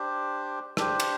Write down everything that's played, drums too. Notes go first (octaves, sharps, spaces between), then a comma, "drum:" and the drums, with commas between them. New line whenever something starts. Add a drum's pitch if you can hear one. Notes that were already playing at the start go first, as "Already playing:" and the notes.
Already playing: D4 G4 C5
D4 G4 C5, drum: rim click
drum: cymbal